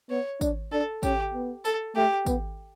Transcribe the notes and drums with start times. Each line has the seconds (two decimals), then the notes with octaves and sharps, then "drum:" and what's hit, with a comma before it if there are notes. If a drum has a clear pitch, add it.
0.10 B3 C#5
0.41 D4, drum: kick, tambourine
0.72 D4 A4
1.03 C#4 G4, drum: kick, tambourine
1.34 B3
1.65 A4, drum: tambourine
1.96 A3 G4
2.26 B3, drum: kick, tambourine